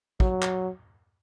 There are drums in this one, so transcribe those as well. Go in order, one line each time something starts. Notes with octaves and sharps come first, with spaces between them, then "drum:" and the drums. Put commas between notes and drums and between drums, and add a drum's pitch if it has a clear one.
F#3, drum: kick
drum: clap